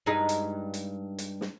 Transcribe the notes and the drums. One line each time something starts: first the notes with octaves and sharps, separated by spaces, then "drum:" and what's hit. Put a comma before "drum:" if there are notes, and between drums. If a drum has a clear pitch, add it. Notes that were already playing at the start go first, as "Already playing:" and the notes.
G2 G#3 D#4
drum: hi-hat
drum: hi-hat
drum: hi-hat
drum: snare